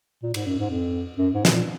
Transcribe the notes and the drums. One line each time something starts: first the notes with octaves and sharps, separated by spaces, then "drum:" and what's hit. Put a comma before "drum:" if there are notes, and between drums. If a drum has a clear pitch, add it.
A#2
G#2, drum: cymbal
F#2
G#2
F2
F#2
G#2
C3, drum: snare
A#2